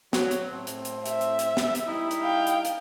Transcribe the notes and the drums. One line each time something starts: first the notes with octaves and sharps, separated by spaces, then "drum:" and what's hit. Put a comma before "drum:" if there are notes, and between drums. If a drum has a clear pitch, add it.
F#3, drum: snare
drum: hi-hat
A2 C4
drum: hi-hat
drum: hi-hat
E5, drum: hi-hat
drum: hi-hat
drum: hi-hat
drum: snare
drum: hi-hat
G3 D#4 E4
drum: hi-hat
F5 G5
drum: hi-hat
drum: hi-hat